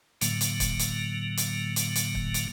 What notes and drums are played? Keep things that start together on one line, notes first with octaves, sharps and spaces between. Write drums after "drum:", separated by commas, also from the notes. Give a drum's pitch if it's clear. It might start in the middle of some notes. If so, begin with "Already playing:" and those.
A2 D3 F#3 A#3, drum: hi-hat
drum: hi-hat
drum: kick, hi-hat
drum: hi-hat
drum: hi-hat
drum: hi-hat
drum: hi-hat
drum: kick
drum: hi-hat